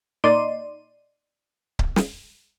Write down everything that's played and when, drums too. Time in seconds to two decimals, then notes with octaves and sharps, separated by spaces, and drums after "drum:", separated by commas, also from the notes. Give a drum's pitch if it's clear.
0.24 A#2 D#4 D5 C6 D#7
1.79 drum: kick C#1
1.96 drum: snare